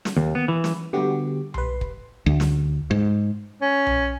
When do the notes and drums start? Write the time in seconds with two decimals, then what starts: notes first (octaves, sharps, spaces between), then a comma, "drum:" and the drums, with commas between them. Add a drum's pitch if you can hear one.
0.05 drum: snare
0.17 D#2
0.35 B3
0.48 E3
0.64 drum: snare
0.93 D3 G3 B3 F#4 G4
1.54 B4 C6, drum: tom B1
1.81 drum: kick
2.26 D2
2.40 drum: snare
2.91 G#2
3.61 C#4
3.86 drum: tom B1